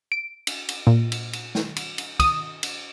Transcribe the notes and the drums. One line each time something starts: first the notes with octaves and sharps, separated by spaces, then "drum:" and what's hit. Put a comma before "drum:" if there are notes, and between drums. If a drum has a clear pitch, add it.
D7
drum: cymbal
drum: cymbal
A#2
drum: cymbal
drum: cymbal
drum: snare
drum: cymbal
drum: cymbal
D#6, drum: kick, cymbal
drum: cymbal